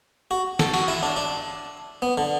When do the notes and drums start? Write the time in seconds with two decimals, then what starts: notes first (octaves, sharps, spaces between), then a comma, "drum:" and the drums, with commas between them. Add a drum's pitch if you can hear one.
0.31 F#4
0.59 A4, drum: snare
0.74 F#4, drum: cymbal
0.88 E4
1.03 D4
1.16 D4
2.02 B3
2.18 D3